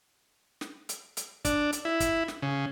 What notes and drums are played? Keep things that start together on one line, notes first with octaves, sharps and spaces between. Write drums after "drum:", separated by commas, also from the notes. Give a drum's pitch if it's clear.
drum: snare
drum: hi-hat
drum: hi-hat
D4, drum: kick, hi-hat
drum: hi-hat
E4
drum: kick, hi-hat
drum: snare
C#3